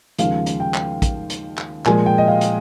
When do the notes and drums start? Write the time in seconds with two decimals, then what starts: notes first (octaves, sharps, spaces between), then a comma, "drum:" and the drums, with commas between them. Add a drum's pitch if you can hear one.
0.18 D#2 C#3 F3 G#3 F5, drum: hi-hat
0.46 drum: hi-hat
0.60 G5
0.74 drum: clap
1.02 drum: kick, hi-hat
1.30 drum: hi-hat
1.58 drum: clap
1.86 A#2 F3 G#3 G#5, drum: clap
2.06 G5
2.18 D#5
2.28 F5
2.41 drum: hi-hat